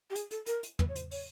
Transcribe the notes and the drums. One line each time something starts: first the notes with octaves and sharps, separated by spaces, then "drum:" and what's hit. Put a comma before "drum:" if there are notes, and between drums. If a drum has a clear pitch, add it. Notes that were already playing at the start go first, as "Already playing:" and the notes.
G4
G#4, drum: hi-hat
A4, drum: hi-hat
A#4, drum: hi-hat
drum: hi-hat
B4, drum: tom
C#5
C5, drum: hi-hat
C#5, drum: open hi-hat